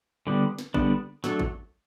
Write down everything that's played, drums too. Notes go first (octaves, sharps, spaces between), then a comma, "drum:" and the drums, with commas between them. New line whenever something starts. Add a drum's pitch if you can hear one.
D3 G3 B3 D4
drum: snare
D3 G3 B3 D4, drum: kick G#1
F#3 A3 D4 A4, drum: snare
drum: kick G#1